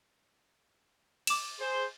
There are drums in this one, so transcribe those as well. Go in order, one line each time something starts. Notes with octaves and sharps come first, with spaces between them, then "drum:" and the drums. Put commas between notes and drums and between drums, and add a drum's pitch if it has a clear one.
D6 E7, drum: cymbal
G#4 C5